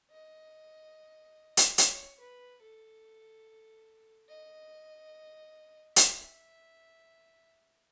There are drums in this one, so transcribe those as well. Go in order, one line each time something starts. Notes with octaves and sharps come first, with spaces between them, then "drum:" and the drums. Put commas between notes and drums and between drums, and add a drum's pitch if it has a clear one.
D#5
drum: hi-hat
C#5, drum: hi-hat
B4
A4
D#5
E5, drum: hi-hat